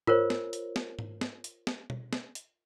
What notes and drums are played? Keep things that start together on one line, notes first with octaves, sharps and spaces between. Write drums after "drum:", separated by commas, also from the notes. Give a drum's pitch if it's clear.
F4 A#4 C5 C#5, drum: tom G#2
drum: snare
drum: hi-hat
drum: snare
drum: tom G#2
drum: snare
drum: hi-hat
drum: snare
drum: tom B2
drum: snare
drum: hi-hat